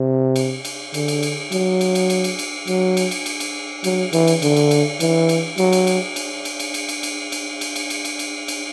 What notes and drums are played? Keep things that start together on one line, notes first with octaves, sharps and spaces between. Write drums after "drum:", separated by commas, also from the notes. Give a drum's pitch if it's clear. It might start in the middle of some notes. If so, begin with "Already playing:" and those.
Already playing: C3
drum: cymbal
drum: cymbal
D3, drum: cymbal
drum: cymbal
drum: cymbal
F#3, drum: cymbal
drum: cymbal
drum: cymbal
drum: cymbal
drum: cymbal
drum: cymbal
F#3, drum: cymbal
drum: cymbal
drum: cymbal
drum: cymbal
drum: cymbal
F#3, drum: cymbal
E3, drum: cymbal
drum: cymbal
D3, drum: cymbal
drum: cymbal
drum: cymbal
E3, drum: cymbal
drum: cymbal
F#3, drum: cymbal
drum: cymbal
drum: cymbal
drum: cymbal
drum: cymbal
drum: cymbal
drum: cymbal
drum: cymbal
drum: cymbal
drum: cymbal
drum: cymbal
drum: cymbal
drum: cymbal
drum: cymbal
drum: cymbal
drum: cymbal